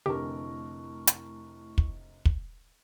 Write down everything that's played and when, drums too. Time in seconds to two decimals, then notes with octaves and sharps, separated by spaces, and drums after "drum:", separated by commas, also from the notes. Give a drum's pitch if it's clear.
0.06 F1 D3 A3 E4 G4 A#4 C#6
1.07 drum: hi-hat
1.78 drum: kick
2.25 drum: kick